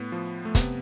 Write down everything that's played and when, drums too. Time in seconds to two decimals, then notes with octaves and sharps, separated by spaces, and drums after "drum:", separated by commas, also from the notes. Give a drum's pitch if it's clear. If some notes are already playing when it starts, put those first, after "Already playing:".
Already playing: A2 B3
0.12 F3
0.45 A3
0.55 C3 B3, drum: kick, hi-hat